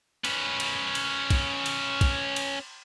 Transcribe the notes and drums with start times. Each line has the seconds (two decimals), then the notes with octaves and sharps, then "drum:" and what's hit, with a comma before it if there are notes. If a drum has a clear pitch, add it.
0.25 C#4 B4, drum: cymbal
0.60 drum: cymbal
0.95 drum: cymbal
1.30 drum: kick, cymbal
1.66 drum: cymbal
2.01 drum: kick, cymbal
2.36 drum: cymbal